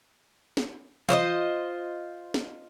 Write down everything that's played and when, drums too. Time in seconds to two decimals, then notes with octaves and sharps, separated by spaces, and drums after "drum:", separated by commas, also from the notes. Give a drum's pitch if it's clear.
0.57 drum: snare
1.09 F4 C5 C#5 D#5, drum: tom E3
2.34 drum: snare